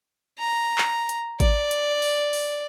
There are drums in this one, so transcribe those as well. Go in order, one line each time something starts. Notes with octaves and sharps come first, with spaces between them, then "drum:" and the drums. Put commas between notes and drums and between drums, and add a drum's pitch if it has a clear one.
A#5
drum: clap
drum: hi-hat
D5, drum: kick G#1, hi-hat
drum: hi-hat
drum: open hi-hat
drum: open hi-hat